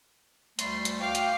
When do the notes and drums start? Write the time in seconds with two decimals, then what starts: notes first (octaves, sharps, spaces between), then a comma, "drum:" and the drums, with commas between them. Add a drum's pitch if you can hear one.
0.59 D2 G3 A3 C6, drum: hi-hat
0.85 drum: hi-hat
1.00 F#4 F5 G5 D6
1.15 drum: hi-hat